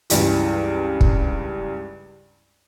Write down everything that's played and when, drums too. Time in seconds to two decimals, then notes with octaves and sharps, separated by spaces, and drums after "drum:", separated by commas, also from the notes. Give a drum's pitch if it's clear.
0.10 C#2 G2 E3, drum: hi-hat
1.01 drum: kick